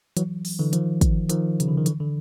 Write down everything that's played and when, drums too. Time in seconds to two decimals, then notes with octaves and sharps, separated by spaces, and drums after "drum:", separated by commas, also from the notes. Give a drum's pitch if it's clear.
0.17 E3 F#3, drum: hi-hat
0.45 drum: open hi-hat
0.59 D3 E3
0.73 D#3 F3, drum: hi-hat
1.01 drum: kick, hi-hat
1.30 D#3 F3, drum: hi-hat
1.60 C#3, drum: hi-hat
1.68 D3
1.78 D#3
1.86 D3 E3, drum: hi-hat
2.01 D3